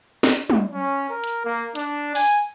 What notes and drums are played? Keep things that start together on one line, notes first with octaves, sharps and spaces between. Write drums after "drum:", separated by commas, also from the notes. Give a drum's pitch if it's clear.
drum: snare
drum: tom
C#4
A#4
drum: hi-hat
A#3
D4, drum: hi-hat
G#5, drum: open hi-hat